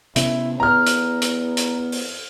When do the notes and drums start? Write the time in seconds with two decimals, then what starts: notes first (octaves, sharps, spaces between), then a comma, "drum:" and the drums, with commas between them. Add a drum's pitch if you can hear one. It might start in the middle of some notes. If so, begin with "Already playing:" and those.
0.16 C3 B3 C#4 E4, drum: hi-hat
0.60 E2 B3 A#5 F6
0.86 drum: hi-hat
1.22 drum: hi-hat
1.57 drum: hi-hat
1.92 drum: open hi-hat